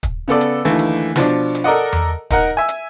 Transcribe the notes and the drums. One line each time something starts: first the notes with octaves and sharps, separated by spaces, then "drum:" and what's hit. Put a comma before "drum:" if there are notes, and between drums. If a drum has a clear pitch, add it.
drum: kick, hi-hat
C#3 B3 A4 D5
drum: hi-hat
D#2 D3 E3 A3
drum: hi-hat
B2 F3 D4, drum: snare
drum: hi-hat
A4 A#4 D5 D#5 F#5
drum: tom E2
D#4 A#4 F#5, drum: kick, hi-hat
E5 G#5
drum: hi-hat